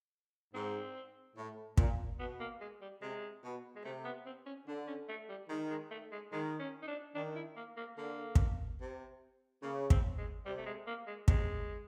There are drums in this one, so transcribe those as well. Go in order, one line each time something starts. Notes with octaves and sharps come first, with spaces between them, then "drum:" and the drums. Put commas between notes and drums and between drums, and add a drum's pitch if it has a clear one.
G#2 C4
A2
A#2, drum: kick
B2 B3
A#3
G#3
G3
C3 G#3
B2
G#3
C3 A3
B3
C4
C#4
D3 D4
C#4
A3
G3
D#3 G#3
G#3
A3
G#3
D#3 G#3
C#4
D#4
D4
D#3 D4
E4
A#3
A#3
D3 A#3
drum: kick
C3
C#3 A#3
C4, drum: kick
G#3
C3 G3
A3
G#3
A#3
G#3
C3 G#3, drum: kick